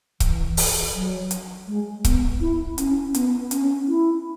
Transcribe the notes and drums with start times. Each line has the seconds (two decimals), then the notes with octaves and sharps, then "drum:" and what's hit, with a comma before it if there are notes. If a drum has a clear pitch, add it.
0.20 E3, drum: kick C#1, hi-hat
0.57 drum: open hi-hat
0.94 F#3
1.31 drum: hi-hat
1.68 G#3
2.05 B3, drum: kick C#1, hi-hat
2.41 E4
2.78 C#4, drum: hi-hat
3.14 B3, drum: hi-hat
3.51 C#4, drum: hi-hat
3.88 E4